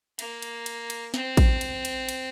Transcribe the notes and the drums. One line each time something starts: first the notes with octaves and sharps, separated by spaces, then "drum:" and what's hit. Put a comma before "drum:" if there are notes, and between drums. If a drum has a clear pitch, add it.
A#3, drum: cymbal
drum: cymbal
drum: cymbal
drum: cymbal
C4, drum: snare
drum: kick A1, cymbal
drum: cymbal
drum: cymbal
drum: cymbal